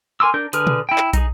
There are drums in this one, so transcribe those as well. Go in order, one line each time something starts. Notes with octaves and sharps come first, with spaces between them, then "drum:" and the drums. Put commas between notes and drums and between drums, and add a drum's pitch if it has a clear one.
A#4 G#5 C6 D6 E6
D4 A#4 G6
D3 D4 G#4 B4 F6, drum: hi-hat
drum: tom
E4 G5
drum: clap
D#4 G#4, drum: kick, hi-hat